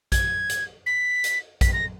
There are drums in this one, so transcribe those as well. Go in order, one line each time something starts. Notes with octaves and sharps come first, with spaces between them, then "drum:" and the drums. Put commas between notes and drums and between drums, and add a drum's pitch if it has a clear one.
G#6, drum: kick A#1, hi-hat
drum: hi-hat
B6
drum: hi-hat
B6, drum: kick A#1, hi-hat
A#6